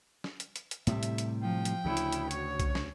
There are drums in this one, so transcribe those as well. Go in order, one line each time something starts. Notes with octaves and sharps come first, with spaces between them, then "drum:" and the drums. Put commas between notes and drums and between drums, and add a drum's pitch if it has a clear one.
drum: snare
drum: hi-hat
drum: hi-hat
drum: hi-hat
A2 C3 G3 E5, drum: hi-hat
drum: hi-hat
drum: hi-hat
F3 G5
drum: hi-hat
D2 C#3 E4
drum: hi-hat
drum: hi-hat
F#4 C#5, drum: hi-hat
drum: kick, hi-hat
drum: snare